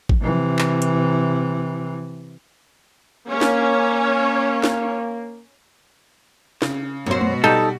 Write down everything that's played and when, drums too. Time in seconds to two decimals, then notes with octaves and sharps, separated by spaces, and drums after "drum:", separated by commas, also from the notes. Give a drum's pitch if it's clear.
0.09 drum: kick
0.21 C3 E3
0.59 drum: clap
0.82 drum: hi-hat
3.27 A#3 C#4 C#5
3.41 drum: snare
4.64 drum: snare
6.62 C#3, drum: snare
7.06 F#2 B2 F#4 C5
7.21 drum: tom G#3
7.44 G3 D#4 A4